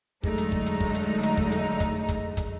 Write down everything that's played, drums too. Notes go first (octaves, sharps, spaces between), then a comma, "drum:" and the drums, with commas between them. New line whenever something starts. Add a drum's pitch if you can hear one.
D3 F#3 G#3 A3 D#4, drum: kick
drum: hi-hat
drum: kick
drum: hi-hat
drum: kick
drum: hi-hat
drum: hi-hat
drum: kick
drum: hi-hat
drum: kick, hi-hat
drum: kick, hi-hat
drum: kick, hi-hat